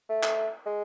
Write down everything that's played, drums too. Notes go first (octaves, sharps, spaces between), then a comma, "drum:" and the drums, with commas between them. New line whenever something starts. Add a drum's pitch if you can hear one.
A3
drum: clap
G#3